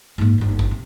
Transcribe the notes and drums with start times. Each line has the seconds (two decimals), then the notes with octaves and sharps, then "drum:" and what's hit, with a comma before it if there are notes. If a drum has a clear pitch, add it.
0.18 G#2 A#3
0.38 G1 D#2
0.59 drum: kick
0.71 C3